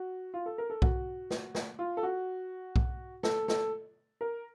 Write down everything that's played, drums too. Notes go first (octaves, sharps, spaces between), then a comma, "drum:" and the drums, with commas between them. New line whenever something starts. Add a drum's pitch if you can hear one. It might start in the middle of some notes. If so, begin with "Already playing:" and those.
Already playing: F#4
F4
A4
A#4
A4
F#4, drum: kick B1
drum: snare
drum: snare
F4
A4
F#4
drum: kick B1
A4, drum: snare
A4, drum: snare
A#4